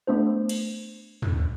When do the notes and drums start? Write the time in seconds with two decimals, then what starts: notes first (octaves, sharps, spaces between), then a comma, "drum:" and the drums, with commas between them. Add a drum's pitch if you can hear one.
0.07 A3 B3 D4 C5
0.49 drum: cymbal
1.22 drum: tom